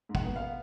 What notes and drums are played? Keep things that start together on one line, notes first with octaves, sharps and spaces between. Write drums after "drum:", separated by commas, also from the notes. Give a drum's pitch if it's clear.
G#2
F#5, drum: kick
B3
B3 F5